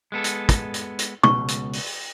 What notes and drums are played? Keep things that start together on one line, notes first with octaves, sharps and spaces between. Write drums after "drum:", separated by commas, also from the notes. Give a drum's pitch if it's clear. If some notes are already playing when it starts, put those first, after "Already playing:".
G#3 B3 A4
drum: hi-hat
drum: kick, hi-hat
drum: hi-hat
drum: hi-hat
C#2 B2 C#6, drum: tom
drum: hi-hat
drum: open hi-hat